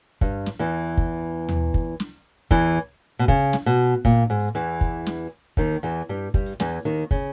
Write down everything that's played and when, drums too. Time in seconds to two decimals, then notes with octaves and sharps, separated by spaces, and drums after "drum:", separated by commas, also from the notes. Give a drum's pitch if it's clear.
0.21 G2 G3, drum: kick
0.46 drum: snare
0.59 E2 E3
0.97 drum: kick
1.49 drum: tom D#2
1.74 drum: kick
2.00 drum: snare
2.51 E2 E3, drum: kick
3.19 B2
3.28 C#3, drum: kick
3.53 drum: snare
3.66 B2
4.05 A#2, drum: kick
4.30 G#2
4.55 E2 E3
4.81 drum: kick
5.06 drum: snare
5.57 D#2 D#3, drum: kick
5.83 E2 E3
6.09 G2 G3
6.34 G2 G3, drum: kick
6.60 E2 E3, drum: snare
6.85 D#2 D#3
7.11 C#3, drum: kick